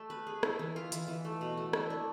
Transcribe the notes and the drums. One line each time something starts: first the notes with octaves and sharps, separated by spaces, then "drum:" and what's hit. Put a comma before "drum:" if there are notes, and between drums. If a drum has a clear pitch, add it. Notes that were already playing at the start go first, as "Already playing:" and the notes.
Already playing: A3
B4
G#4
E4, drum: rim click
E3
F4
E3, drum: hi-hat
E3
A3
B2
A3
E4, drum: rim click
D4